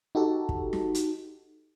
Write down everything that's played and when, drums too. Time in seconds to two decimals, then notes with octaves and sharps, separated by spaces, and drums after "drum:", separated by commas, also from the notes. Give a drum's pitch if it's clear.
0.15 D#4 F#4 G4 A4
0.49 drum: kick
0.73 drum: snare
0.95 drum: hi-hat